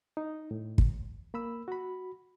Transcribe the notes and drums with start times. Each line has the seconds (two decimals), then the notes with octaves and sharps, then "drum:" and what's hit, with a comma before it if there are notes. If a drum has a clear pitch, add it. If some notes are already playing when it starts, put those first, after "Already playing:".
0.17 D#4
0.51 A2
0.78 drum: kick
1.34 A#3 B5 E6
1.68 F#4 B5